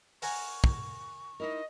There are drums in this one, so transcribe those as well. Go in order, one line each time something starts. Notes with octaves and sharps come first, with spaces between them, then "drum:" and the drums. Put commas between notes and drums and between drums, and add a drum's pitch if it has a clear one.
A#4 F#5 G#5 C#6, drum: open hi-hat
drum: kick
D#4 E4 A#4 D#5